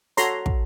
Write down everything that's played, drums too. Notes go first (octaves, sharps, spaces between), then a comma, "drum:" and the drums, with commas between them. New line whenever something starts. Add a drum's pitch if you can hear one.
F#4 A4 C#5 A#5 C6, drum: hi-hat
drum: kick